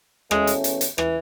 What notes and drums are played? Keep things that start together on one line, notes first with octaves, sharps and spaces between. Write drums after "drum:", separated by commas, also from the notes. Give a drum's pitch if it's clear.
E2 B2 G#3 A3 C#4, drum: rim click
drum: hi-hat
drum: hi-hat
drum: hi-hat
E3, drum: rim click